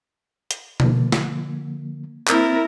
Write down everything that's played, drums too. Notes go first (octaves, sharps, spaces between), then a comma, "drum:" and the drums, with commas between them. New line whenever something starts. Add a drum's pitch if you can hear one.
drum: hi-hat
D3 F3 A#3, drum: tom B2
drum: snare
A#3 C4 E4 A#4 A6, drum: clap